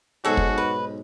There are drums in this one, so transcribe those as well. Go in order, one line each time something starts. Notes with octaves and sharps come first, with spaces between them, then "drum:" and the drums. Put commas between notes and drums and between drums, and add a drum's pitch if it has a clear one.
B1 G#2 F#4 G#4 A4
drum: kick
B4